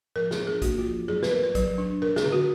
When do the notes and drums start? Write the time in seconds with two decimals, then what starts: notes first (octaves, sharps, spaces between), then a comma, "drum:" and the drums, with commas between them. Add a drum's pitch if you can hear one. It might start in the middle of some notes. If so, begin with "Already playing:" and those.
0.16 F3 A#4, drum: tom A2
0.31 G#4, drum: snare
0.39 D4
0.47 G#4
0.62 A#3 F#4, drum: kick, hi-hat
0.78 F4
0.86 F3
1.08 F#3 G#4, drum: tom G2
1.23 B4, drum: snare
1.31 F#3 A#4
1.44 B4
1.55 F#3, drum: kick, hi-hat
1.78 D4
2.02 D4 A#4, drum: tom A2
2.16 G#4, drum: snare
2.25 D3
2.32 F#4